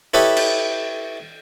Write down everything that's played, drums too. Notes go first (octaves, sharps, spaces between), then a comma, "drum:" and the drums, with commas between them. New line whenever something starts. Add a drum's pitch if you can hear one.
E4 G4 A4 B4 C#5 D#5
drum: cymbal